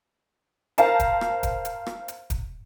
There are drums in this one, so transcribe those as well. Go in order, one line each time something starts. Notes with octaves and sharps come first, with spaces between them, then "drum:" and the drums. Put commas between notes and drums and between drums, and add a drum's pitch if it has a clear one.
A#4 C5 F5 A5 A#5, drum: hi-hat
drum: kick, hi-hat
drum: rim click
drum: kick, hi-hat
drum: hi-hat
drum: rim click
drum: hi-hat
drum: kick, hi-hat